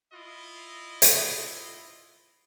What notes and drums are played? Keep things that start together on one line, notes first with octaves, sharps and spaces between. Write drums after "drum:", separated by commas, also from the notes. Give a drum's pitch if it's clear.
E4 F4 D#5
drum: hi-hat